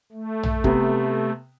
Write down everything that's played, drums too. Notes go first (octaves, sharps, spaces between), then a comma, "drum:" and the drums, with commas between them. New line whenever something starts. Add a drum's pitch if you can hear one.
A3
drum: tom A#1
C3 B3, drum: kick